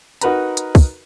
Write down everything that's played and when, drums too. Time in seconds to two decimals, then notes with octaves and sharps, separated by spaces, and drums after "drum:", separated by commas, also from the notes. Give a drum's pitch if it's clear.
0.21 D#4 F#4 A#4 B4 A#5 B5, drum: hi-hat
0.57 drum: hi-hat
0.75 drum: kick, open hi-hat